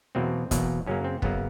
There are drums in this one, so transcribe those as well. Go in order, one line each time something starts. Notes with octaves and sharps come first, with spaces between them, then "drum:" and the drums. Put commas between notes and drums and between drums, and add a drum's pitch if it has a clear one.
E2 B2 F#3 A#3 C4
E2 B2 F#3 A#3, drum: kick, hi-hat
F#2 C#3 F#3 A#3 C#4
C4
F#2 C#3 F#3 A#3 B3, drum: kick